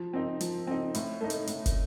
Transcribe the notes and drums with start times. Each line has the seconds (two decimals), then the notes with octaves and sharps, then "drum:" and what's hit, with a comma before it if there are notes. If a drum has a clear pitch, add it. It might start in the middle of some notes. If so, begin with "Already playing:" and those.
Already playing: F3
0.13 C4 D#4
0.41 F3, drum: hi-hat
0.67 C4 D#4
0.95 A2, drum: hi-hat
1.21 A3 D#4
1.30 drum: hi-hat
1.47 A2, drum: hi-hat
1.66 drum: kick, hi-hat